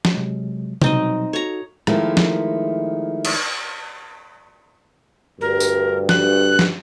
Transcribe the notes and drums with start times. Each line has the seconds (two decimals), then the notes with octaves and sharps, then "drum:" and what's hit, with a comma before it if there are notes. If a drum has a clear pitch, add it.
0.05 drum: snare
0.14 C3 F#3 G#3
0.82 B2 F#3 G3 C4 D#4 D#5, drum: tom C3
1.33 D#4 F#4 A4 C#5 A#5
1.87 D#3 F3 G#3 A3 E4 A#4, drum: rim click
2.17 drum: snare
3.25 drum: cymbal
5.41 D2 G2 A#4
5.60 drum: tambourine
6.09 F#6, drum: snare
6.59 drum: snare